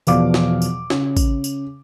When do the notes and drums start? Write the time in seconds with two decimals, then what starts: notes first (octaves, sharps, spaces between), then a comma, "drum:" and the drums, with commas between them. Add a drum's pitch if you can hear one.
0.07 E2 B2 F3 D5 F5 D6, drum: tambourine
0.34 drum: snare
0.62 drum: tambourine
0.90 C#3, drum: snare
1.17 drum: kick, tambourine
1.44 drum: tambourine